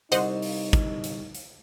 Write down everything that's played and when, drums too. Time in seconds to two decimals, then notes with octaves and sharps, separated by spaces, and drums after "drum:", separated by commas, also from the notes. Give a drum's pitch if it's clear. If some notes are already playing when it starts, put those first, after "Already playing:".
0.12 C2 D#4 C5 D#5 F#5, drum: hi-hat
0.42 drum: open hi-hat
0.73 drum: kick, hi-hat
1.04 drum: hi-hat
1.34 drum: hi-hat